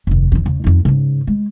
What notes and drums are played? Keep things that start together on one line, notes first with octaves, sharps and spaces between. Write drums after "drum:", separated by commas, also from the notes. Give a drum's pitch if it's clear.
F1 D#2
E2 D3, drum: kick E2
C#3
F2 D#4
G#2 C#3
G#3